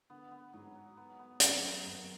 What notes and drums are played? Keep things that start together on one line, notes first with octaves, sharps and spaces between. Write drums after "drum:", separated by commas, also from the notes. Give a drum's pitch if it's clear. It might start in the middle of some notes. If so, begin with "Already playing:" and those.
D3 B3
B3
G#2 F#3
F#3
B3
B3
F#2 B3, drum: hi-hat
F#3
F#2 D#3